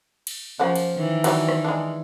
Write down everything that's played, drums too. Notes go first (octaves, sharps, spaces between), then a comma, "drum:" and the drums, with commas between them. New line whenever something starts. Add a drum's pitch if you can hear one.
drum: cymbal
C#3 F3 A#3 F#5
drum: cymbal
D#3 E3
F#3 G3 D4, drum: cymbal
drum: rim click
G#3 D4